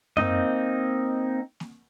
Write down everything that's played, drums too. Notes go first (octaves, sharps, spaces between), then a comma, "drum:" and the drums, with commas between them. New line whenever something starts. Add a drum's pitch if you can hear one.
A#3 C4 D#4 D#5, drum: tom F#2
drum: snare A#3